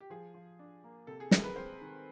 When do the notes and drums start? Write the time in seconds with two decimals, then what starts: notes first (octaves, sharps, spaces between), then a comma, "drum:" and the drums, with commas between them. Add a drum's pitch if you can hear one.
0.01 G4
0.10 F3 G#4
0.34 F3
0.59 D4
0.84 A#3
1.07 C3 A4
1.20 G#4
1.31 G#3 A#4, drum: snare
1.44 B4
1.56 C4 C5
1.81 D#3